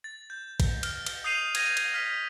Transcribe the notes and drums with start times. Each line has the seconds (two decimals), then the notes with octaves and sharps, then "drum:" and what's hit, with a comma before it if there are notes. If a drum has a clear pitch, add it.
0.04 A6
0.30 G6
0.60 drum: kick, cymbal
0.83 F6, drum: cymbal
1.06 drum: cymbal
1.24 D#6 G6 C7 D#7 F7
1.55 G#6 A#6 D#7, drum: cymbal
1.77 drum: cymbal
1.94 F6 B6